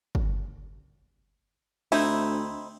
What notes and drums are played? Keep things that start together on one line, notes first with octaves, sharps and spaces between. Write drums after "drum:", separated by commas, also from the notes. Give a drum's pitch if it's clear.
drum: kick
D2 C4 D#4 E4, drum: cymbal